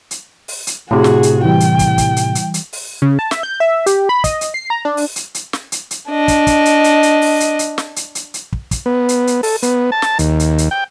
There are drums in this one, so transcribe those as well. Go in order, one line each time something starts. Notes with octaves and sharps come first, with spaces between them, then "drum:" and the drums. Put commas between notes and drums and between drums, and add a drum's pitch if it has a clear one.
drum: hi-hat
drum: open hi-hat
drum: hi-hat
A2 C3 F#4 G#4
drum: snare
drum: hi-hat
E3 G3 G5
drum: hi-hat
drum: kick, hi-hat
drum: kick, hi-hat
drum: hi-hat
drum: hi-hat
drum: hi-hat
drum: open hi-hat
C#3
A5
E5, drum: snare
G6
E5
G4, drum: hi-hat
B5
D#5, drum: kick, hi-hat
drum: hi-hat
C7
A#5
D4
drum: open hi-hat
drum: hi-hat
drum: hi-hat
drum: snare
drum: hi-hat
drum: hi-hat
D4 D#5
drum: kick, hi-hat
drum: kick, hi-hat
drum: hi-hat
drum: hi-hat
drum: hi-hat
drum: open hi-hat
drum: hi-hat
drum: hi-hat
drum: snare
drum: hi-hat
drum: hi-hat
drum: hi-hat
drum: kick
drum: kick, hi-hat
B3
drum: hi-hat
drum: hi-hat
A4, drum: open hi-hat
B3, drum: hi-hat
A5
drum: snare
D#2, drum: hi-hat
drum: hi-hat
drum: hi-hat
G5